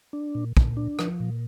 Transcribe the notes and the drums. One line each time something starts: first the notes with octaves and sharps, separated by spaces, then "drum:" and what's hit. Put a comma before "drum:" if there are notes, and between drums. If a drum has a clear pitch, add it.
D4
A#2
A#2, drum: kick
D4
F3, drum: rim click
A#2